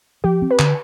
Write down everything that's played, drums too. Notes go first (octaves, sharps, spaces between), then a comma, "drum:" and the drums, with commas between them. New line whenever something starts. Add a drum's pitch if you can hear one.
F3 G4
C4
B4
D3, drum: clap